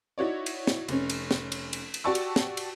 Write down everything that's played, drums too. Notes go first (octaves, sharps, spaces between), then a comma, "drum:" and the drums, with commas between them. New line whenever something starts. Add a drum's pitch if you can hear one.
D#4 E4 F#4 C#5 D5
drum: cymbal
drum: snare
F1 C#4, drum: cymbal
drum: cymbal
drum: snare
drum: cymbal
drum: cymbal
drum: cymbal
F#4 G4 D5 A5 C#6 E6
drum: cymbal
drum: snare
drum: cymbal